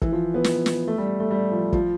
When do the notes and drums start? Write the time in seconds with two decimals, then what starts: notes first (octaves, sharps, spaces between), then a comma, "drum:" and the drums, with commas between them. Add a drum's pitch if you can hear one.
0.02 E3, drum: kick
0.12 F3
0.34 B3
0.44 drum: snare
0.66 drum: snare
0.87 A3
0.98 G3
1.20 A3
1.31 G3
1.52 F3
1.72 F3, drum: kick